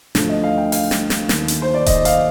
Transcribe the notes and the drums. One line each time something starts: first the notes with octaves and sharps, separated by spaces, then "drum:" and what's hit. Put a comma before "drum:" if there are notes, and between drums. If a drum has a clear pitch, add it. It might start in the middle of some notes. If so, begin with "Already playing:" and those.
D2 D3 F3, drum: snare
D#5
F5
G5
F5, drum: open hi-hat
drum: snare
drum: snare
D#2 D#3, drum: snare
drum: hi-hat
C5
D5
D#5, drum: kick D#1, hi-hat
F5, drum: hi-hat